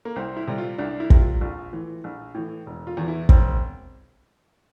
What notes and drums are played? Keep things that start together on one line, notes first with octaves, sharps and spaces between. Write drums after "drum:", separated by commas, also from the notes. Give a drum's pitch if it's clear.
A#3
C2 C4
E4
C3 G3
F4
C2 D4
E4
C3 G3, drum: kick
F4
A#1 F4
A2 E3
A#1
A2 E3
E1
F4
E2 E3
E4
E1 C4, drum: kick